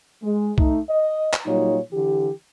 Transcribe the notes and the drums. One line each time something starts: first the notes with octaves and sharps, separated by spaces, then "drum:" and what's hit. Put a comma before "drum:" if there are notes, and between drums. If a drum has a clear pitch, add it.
G#3
A3 D#4, drum: kick B1
D#5
drum: clap
A#2 F#3 G3 D#4 C#5
D3 E3 G4